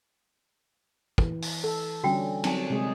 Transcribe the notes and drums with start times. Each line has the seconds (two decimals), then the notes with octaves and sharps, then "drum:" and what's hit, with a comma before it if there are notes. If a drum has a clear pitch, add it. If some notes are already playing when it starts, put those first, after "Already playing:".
1.18 E3, drum: kick
1.42 drum: open hi-hat
1.64 A4
2.04 D3 G3 C#4 F#4 G5
2.44 F#3 C4 D#4 G#5, drum: cymbal
2.70 C3 G#3 G#4